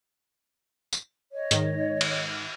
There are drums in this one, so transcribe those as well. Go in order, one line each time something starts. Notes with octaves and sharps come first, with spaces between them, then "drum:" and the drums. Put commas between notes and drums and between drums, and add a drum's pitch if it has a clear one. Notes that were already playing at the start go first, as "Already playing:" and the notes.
drum: tambourine
C#5 D#5
G#2 D#3, drum: hi-hat
drum: cymbal